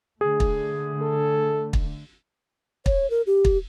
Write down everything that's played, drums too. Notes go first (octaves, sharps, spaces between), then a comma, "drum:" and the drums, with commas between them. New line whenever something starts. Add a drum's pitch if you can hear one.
D3 A3 G#4
drum: kick
A4
drum: kick
C#5, drum: kick
A#4
G4
drum: kick